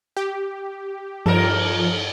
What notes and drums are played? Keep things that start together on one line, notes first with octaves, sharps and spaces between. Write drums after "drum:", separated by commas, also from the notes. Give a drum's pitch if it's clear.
G4
G2 F3 A4 A#4, drum: cymbal